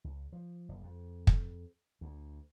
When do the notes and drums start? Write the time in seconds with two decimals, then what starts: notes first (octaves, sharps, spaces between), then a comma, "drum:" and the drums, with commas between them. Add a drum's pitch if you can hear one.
0.04 C#2
0.33 F3
0.69 F#1
0.83 F2
1.27 drum: kick
2.01 D2